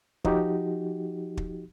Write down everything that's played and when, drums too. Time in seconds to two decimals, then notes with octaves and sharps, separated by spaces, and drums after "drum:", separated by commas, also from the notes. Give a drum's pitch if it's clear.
0.25 F3 D#4 F#4 G4, drum: kick
1.37 drum: kick